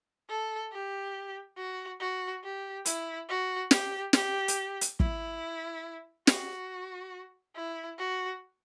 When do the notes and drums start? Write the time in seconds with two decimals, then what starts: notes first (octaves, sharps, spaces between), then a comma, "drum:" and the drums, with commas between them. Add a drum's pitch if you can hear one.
0.29 A4
0.71 G4
1.57 F#4
2.00 F#4
2.43 G4
2.86 E4, drum: hi-hat
3.28 F#4
3.71 G4, drum: snare
4.13 G4, drum: snare
4.48 drum: hi-hat
4.81 drum: hi-hat
5.00 E4, drum: kick
6.27 F#4, drum: snare
7.56 E4
7.98 F#4